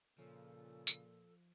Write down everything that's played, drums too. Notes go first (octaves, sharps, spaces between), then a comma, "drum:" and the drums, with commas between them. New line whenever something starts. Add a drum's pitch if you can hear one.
A#2 C#3 F3 A4
drum: tambourine